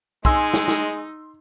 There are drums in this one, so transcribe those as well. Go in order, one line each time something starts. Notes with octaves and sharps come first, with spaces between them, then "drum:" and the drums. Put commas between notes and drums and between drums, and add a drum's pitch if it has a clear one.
G#3 D#4 G#5 C6 E6, drum: kick
drum: snare
drum: snare